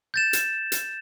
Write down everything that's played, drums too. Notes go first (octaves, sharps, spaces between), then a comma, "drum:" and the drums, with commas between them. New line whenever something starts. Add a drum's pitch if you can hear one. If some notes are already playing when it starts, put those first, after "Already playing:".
G6 A6 E7
drum: hi-hat
drum: hi-hat